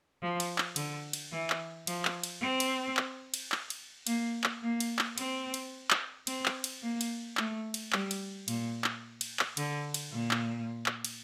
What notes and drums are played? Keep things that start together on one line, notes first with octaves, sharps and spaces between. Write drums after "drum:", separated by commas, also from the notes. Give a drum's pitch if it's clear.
F3
drum: cymbal
drum: clap
D3, drum: cymbal
drum: cymbal
E3
drum: clap
F3, drum: cymbal
drum: clap
drum: cymbal
C4
drum: cymbal
drum: clap
drum: cymbal
drum: clap
drum: cymbal
A#3, drum: cymbal
drum: clap
A#3
drum: cymbal
drum: clap
C4, drum: cymbal
drum: cymbal
drum: clap
C4, drum: cymbal
drum: clap
drum: cymbal
A#3
drum: cymbal
A3, drum: clap
drum: cymbal
G3, drum: clap
drum: cymbal
A#2, drum: cymbal
drum: clap
drum: cymbal
drum: clap
D3, drum: cymbal
drum: cymbal
A#2
drum: clap
drum: clap
drum: cymbal